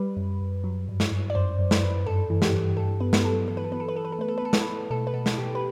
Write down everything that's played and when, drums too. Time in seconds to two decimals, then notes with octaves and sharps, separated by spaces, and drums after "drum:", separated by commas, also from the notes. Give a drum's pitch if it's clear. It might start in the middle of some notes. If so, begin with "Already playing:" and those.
Already playing: G3 B4
0.17 F#2
0.41 F#2
0.64 F#3
0.89 G2
1.00 drum: snare
1.12 G2
1.30 D5
1.35 F#2 C5
1.59 F#2
1.71 B4, drum: snare
1.83 F#2
2.06 G2 A4
2.30 E3
2.42 G4, drum: snare
2.53 G2
2.77 G2 A4
3.00 B3 B4
3.13 drum: snare
3.24 F#3 A4
3.48 E3 A4
3.57 B4
3.64 A4
3.72 B3 B4
3.80 A4
3.88 B4
3.96 B3 A4
4.05 B4
4.12 A4
4.19 A3 B4
4.28 A4
4.38 B4
4.42 A3 A4
4.53 B4, drum: snare
4.61 A4
4.67 A3
4.90 B2 A4
5.07 B4
5.13 B2 A4
5.26 drum: snare
5.38 B2 G4
5.55 B4